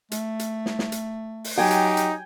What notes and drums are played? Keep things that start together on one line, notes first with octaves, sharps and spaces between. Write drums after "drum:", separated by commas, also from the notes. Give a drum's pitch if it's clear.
A3, drum: hi-hat
drum: hi-hat
drum: snare
drum: snare
drum: hi-hat
drum: open hi-hat
F#3 D#4 G4 G5 G#5
drum: hi-hat
drum: hi-hat